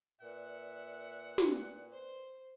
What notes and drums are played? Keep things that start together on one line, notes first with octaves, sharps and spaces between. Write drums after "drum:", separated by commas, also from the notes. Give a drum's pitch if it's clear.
A#2 A#4 B4 D5 E5 F#5
drum: snare
C5